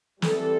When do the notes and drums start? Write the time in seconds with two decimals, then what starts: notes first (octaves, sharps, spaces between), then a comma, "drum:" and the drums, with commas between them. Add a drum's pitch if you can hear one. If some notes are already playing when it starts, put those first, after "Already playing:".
0.22 E3 G3 C4 A4, drum: snare